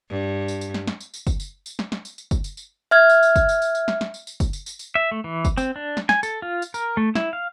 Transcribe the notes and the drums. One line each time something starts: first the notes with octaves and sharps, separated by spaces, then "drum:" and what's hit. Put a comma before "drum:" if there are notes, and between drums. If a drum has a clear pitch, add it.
G2
drum: tambourine
drum: tambourine
drum: snare
drum: snare
drum: tambourine
drum: tambourine
drum: kick F#1, tambourine
drum: tambourine
drum: tambourine
drum: snare
drum: snare
drum: tambourine
drum: tambourine
drum: kick F#1, tambourine
drum: tambourine
drum: tambourine
E5 F6 G#6
drum: tambourine
drum: tambourine
drum: kick F#1, tambourine
drum: tambourine
drum: tambourine
drum: tambourine
drum: snare
drum: snare
drum: tambourine
drum: tambourine
drum: kick F#1, tambourine
drum: tambourine
drum: tambourine
drum: tambourine
E5
A3
E3
drum: kick F#1, tambourine
C4, drum: tambourine
D4
drum: snare
G#5, drum: snare
A4, drum: tambourine
F4
drum: tambourine
A#4, drum: tambourine
A3
E4, drum: snare
F5